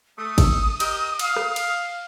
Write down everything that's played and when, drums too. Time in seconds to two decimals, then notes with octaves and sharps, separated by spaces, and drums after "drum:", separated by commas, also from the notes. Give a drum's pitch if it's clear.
0.18 A3 D#6
0.38 drum: kick, cymbal
0.80 G4 A#4 D#5, drum: cymbal
1.19 F5, drum: cymbal
1.36 drum: rim click
1.56 drum: cymbal